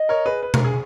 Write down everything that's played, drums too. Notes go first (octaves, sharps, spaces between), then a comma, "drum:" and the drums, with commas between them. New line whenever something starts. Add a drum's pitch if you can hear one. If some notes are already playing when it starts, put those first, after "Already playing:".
Already playing: D#5
A#4 C#5
G#4 B4
B4
A#4, drum: tom B2
G#4